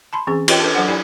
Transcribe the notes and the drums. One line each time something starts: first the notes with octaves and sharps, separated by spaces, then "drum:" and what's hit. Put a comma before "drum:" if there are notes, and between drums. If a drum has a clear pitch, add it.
A5 B5 C6
E3 C4 C#4 G#4
F4 G4 B4 C#5 D#5 G5, drum: cymbal
D4 A4 B4
F#3 D4 A4 C5 F#5 G#5
E4 G4 D5 G#5